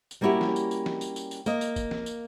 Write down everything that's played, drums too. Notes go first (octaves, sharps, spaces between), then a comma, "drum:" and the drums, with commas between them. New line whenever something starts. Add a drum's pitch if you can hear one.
drum: tambourine
G3 A#3 C#4 E4 F#4 G4
drum: snare
drum: tambourine
drum: tambourine
drum: snare
drum: tambourine
drum: tambourine
drum: tambourine
A#3 D#5, drum: tambourine
drum: tambourine
drum: kick, tambourine
drum: snare
drum: tambourine